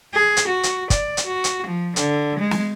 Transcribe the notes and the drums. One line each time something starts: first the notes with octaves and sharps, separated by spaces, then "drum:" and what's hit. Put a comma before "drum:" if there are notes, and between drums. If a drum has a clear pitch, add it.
G#4
drum: hi-hat
F#4
drum: hi-hat
D5, drum: kick, hi-hat
drum: hi-hat
F#4
drum: hi-hat
F3
D3, drum: hi-hat
G#3
drum: snare